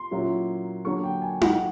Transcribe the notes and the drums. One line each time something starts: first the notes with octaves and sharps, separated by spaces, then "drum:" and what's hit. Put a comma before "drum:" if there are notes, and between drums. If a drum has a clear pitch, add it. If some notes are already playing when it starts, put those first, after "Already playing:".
Already playing: C6
A#2 F#3 A#3 C#4 E4
D3 F#3 A#3 D4 C#6
G5
G#5
F#5, drum: tom D#4